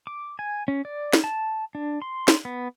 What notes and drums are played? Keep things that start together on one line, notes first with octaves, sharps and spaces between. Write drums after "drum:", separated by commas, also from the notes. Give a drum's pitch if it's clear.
D6
G#5
C#4
D5
drum: snare
A5
D4
C6
drum: snare
B3